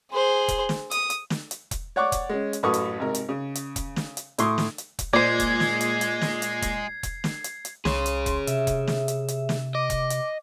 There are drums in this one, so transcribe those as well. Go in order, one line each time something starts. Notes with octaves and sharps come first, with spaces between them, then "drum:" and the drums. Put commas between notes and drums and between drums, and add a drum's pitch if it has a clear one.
G#4 C5
drum: kick E1, hi-hat
drum: snare
D#6, drum: hi-hat
drum: hi-hat
drum: snare
drum: hi-hat
drum: kick E1, hi-hat
C#5 D5 F#5 C#6 D6
drum: kick E1, hi-hat
G#3 C#4
drum: hi-hat
A1 F#2 A4 B4 C#6 D#6
drum: hi-hat
G#1 C3 A#4
drum: hi-hat
C#3
drum: hi-hat
drum: kick E1, hi-hat
drum: snare
drum: hi-hat
A2 C6 C#6 D#6, drum: hi-hat
drum: snare
drum: hi-hat
drum: kick E1, hi-hat
A#2 G#3 C5 D5 G#6 C7
drum: kick E1, hi-hat
drum: snare
drum: hi-hat
drum: hi-hat
drum: snare
drum: hi-hat
drum: kick E1, hi-hat
drum: kick E1, hi-hat
drum: snare
drum: hi-hat
drum: hi-hat
C2 G#4 C#5 C6, drum: snare
drum: hi-hat
drum: kick E1, hi-hat
C3 E5, drum: hi-hat
drum: kick E1, hi-hat
drum: snare
drum: hi-hat
drum: hi-hat
drum: snare
D#5 D6
drum: kick E1, hi-hat
drum: hi-hat